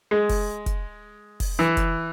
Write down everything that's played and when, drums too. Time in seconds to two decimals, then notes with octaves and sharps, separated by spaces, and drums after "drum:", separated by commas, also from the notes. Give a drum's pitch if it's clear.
0.11 G#3
0.29 drum: kick, open hi-hat
0.66 drum: kick, hi-hat
1.40 drum: kick, open hi-hat
1.59 E3
1.77 drum: kick, hi-hat